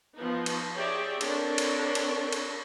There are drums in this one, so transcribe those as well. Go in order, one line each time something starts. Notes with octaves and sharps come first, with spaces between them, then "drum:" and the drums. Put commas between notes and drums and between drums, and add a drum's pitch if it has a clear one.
F3 B3 D#4
drum: cymbal
G4 G#4 C#5 D5 E5 G5
C4 D4 A4 A#4 C#5, drum: cymbal
drum: cymbal
drum: cymbal
drum: cymbal